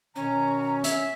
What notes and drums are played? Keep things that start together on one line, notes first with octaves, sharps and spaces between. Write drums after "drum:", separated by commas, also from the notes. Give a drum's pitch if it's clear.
B2 D#3 C#4 A#5
E5, drum: hi-hat